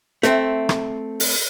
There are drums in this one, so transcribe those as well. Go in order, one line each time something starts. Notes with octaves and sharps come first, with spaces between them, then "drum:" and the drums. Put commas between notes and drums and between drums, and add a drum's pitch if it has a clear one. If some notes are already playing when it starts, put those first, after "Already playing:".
A3 C4, drum: snare
drum: rim click
drum: open hi-hat